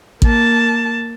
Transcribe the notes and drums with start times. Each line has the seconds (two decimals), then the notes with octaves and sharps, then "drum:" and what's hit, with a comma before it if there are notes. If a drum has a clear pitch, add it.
0.22 A#3 A5, drum: kick